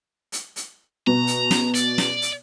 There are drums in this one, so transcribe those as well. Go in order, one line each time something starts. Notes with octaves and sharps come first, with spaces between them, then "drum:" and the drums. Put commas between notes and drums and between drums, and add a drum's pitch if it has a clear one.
drum: hi-hat
drum: hi-hat
B2 A#5
drum: hi-hat
drum: snare
D5, drum: hi-hat
drum: snare
drum: hi-hat